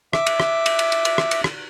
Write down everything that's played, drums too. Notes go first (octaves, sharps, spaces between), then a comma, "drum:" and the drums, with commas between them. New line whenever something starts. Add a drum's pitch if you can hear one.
E5 D6, drum: rim click
drum: cymbal
drum: rim click
drum: cymbal
drum: cymbal
drum: cymbal
drum: cymbal
drum: rim click
drum: cymbal
drum: rim click